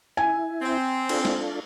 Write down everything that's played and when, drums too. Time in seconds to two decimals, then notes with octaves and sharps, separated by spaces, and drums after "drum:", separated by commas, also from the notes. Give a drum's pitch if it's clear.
0.17 E4 G#5
0.62 C4
1.09 D4 F4 A4, drum: cymbal
1.25 drum: snare